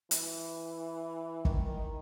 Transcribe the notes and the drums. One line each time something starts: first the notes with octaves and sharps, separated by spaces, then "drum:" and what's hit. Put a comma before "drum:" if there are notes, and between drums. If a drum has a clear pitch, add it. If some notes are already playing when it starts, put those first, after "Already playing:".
E3, drum: hi-hat
D#3, drum: kick